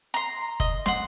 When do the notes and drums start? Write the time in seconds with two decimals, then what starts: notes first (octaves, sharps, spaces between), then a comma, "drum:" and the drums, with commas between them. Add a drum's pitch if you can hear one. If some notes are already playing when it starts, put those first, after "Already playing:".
0.14 A#5 C6
0.60 D#5, drum: kick F#1
0.86 F#5 C6, drum: snare